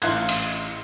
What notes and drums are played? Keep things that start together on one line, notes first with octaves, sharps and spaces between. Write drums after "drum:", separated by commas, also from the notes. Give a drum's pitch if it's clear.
A1 E4 F5 C6 F#6 G#6, drum: cymbal
drum: cymbal